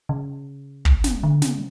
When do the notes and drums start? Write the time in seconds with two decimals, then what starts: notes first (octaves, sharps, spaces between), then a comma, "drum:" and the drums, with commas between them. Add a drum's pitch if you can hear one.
0.09 C#3
0.85 drum: kick
1.04 drum: snare
1.23 D3
1.42 C#3, drum: snare